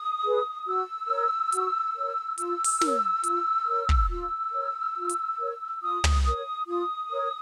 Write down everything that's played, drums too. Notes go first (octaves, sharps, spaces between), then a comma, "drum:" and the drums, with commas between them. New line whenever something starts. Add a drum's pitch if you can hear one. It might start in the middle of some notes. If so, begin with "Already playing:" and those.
Already playing: D#6
G#4 B4
F#4 E6
A#4 C#5
F#4, drum: hi-hat
A#4 C#5
F4 E6, drum: hi-hat
drum: open hi-hat
A#4 C#5, drum: snare
F4, drum: hi-hat
A#4 C#5
drum: kick
F4 E6
A#4 C#5
F4
drum: hi-hat
A#4 C#5
F4 D#6
drum: tom
A#4 C#5 D#6
F4 D#6
A#4 C#5